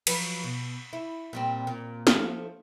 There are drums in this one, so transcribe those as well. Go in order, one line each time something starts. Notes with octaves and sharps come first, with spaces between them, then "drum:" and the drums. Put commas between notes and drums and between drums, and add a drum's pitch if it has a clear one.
F3 F#3 B4, drum: cymbal
B2
E4
A#2 G3 C4
A#2
F3 A3, drum: snare